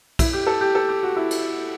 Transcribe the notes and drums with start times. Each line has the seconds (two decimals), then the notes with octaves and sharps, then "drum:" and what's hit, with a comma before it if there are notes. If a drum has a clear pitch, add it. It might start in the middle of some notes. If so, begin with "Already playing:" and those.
0.19 E4, drum: kick, cymbal
0.33 G4
0.46 A4
0.61 G4
0.75 A4
0.89 G4
1.03 F#4
1.16 E4
1.31 drum: cymbal